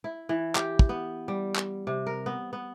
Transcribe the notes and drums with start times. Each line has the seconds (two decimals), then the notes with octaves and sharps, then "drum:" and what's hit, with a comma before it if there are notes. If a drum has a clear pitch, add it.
0.04 E4
0.29 E3
0.55 G4, drum: clap
0.79 drum: kick
0.89 B3
1.28 G3
1.56 drum: clap
1.87 C3
2.06 A#4
2.26 B3
2.53 B3